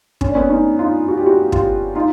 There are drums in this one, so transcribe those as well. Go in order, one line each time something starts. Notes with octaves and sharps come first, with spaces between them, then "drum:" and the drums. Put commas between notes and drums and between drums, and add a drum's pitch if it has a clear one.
C#4, drum: kick
D4
B3 C#4
C#4 D#4
D#4 F4
F#4
G4
E4 F#4
F4 G4, drum: kick
D#4 F4